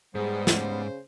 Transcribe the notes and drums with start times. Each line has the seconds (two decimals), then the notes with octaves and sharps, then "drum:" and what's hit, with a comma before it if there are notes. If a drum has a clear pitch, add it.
0.15 G#2 G3 B3 G#4 C5
0.47 C#3, drum: snare